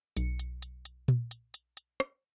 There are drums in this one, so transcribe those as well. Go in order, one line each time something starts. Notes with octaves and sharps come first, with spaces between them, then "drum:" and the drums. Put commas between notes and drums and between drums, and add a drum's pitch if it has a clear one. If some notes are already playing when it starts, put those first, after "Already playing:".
B1 C#7, drum: hi-hat
drum: hi-hat
drum: hi-hat
drum: hi-hat
drum: tom A#2
drum: hi-hat
drum: hi-hat
drum: hi-hat
drum: rim click